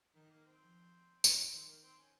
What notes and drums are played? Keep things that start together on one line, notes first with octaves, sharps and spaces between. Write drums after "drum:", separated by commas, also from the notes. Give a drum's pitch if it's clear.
D#3 D#4
A#3
C4
F3
drum: tambourine
D#3 C4
A#3
C4
C#4